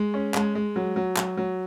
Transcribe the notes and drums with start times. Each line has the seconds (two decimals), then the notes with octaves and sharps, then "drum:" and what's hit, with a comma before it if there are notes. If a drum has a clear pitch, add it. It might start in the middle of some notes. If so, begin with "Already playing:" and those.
Already playing: G#3
0.14 C#4
0.34 G#3, drum: clap
0.55 G#3
0.76 F#3
0.96 F#3
1.17 F#3, drum: clap
1.37 F#3